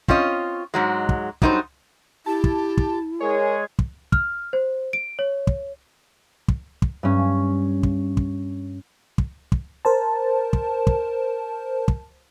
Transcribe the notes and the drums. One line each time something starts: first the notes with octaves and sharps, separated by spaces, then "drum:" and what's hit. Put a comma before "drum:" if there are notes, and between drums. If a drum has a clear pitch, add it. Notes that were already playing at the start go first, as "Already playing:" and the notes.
C4 C#4 F4 C#5 D#5, drum: kick
G#2 F#3 G#3
drum: kick
F#3 G3 D#4 B4 C5, drum: kick
E4 G4 A5
drum: kick
drum: kick
G#3 G#4 A#4 C#5
drum: kick
F6, drum: kick
C5
D7
C#5
drum: kick
drum: kick
drum: kick
G2 C#4
drum: kick
drum: kick
drum: kick
drum: kick
A#4 C5 A5
drum: kick
drum: kick
drum: kick